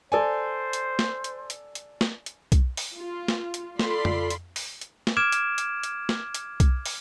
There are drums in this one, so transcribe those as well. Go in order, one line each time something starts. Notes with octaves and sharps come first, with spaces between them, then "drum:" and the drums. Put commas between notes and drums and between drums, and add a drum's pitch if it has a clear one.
A4 C5 D5 G#5
drum: hi-hat
drum: snare
drum: hi-hat
drum: hi-hat
drum: hi-hat
drum: snare
drum: hi-hat
drum: kick B1, hi-hat
drum: open hi-hat
F4
drum: snare
drum: hi-hat
F4 A4 D5 B5 C6, drum: snare
drum: tom F2
drum: hi-hat
drum: open hi-hat
drum: hi-hat
drum: snare
D6 F6 G#6 D7 E7
drum: hi-hat
drum: hi-hat
drum: hi-hat
drum: snare
drum: hi-hat
drum: kick B1, hi-hat
drum: open hi-hat